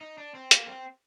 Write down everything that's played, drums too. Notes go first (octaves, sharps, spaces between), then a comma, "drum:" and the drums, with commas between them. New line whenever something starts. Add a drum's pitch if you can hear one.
D#4
D4
C4
A#3, drum: hi-hat
C4